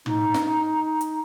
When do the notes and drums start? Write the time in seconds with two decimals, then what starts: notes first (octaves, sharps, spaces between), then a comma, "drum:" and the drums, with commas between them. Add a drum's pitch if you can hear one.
0.06 D#4, drum: tom
0.34 drum: snare
1.01 drum: hi-hat